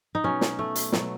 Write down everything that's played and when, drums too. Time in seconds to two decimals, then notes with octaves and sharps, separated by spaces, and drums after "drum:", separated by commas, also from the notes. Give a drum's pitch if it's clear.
0.15 D#4
0.24 B2 F#3 C#4
0.41 drum: snare
0.59 A3
0.76 drum: hi-hat
0.92 B2 F#3, drum: snare